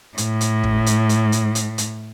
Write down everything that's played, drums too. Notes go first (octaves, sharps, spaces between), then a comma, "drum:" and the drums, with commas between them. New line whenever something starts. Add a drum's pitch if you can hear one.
A2, drum: hi-hat
drum: hi-hat
drum: kick
drum: hi-hat
drum: hi-hat
drum: hi-hat
drum: hi-hat
drum: hi-hat